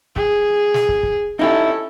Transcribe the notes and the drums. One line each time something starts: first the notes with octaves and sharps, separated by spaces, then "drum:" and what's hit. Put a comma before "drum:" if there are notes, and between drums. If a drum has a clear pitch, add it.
G#4, drum: kick
drum: snare
drum: kick
drum: kick
C#4 D#4 E4 G4 A4